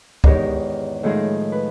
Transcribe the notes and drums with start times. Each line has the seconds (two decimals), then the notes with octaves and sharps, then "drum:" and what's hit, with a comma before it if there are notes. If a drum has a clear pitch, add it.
0.24 E2 G#2 D#3 G4 A#4 C#5, drum: kick C#2
1.03 A2 D#3 F3 G#3 G#4 A#4
1.52 B4